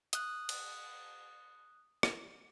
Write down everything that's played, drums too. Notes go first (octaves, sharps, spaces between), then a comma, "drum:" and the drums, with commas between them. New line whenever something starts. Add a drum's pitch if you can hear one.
D#6 F#6, drum: hi-hat
drum: cymbal
drum: rim click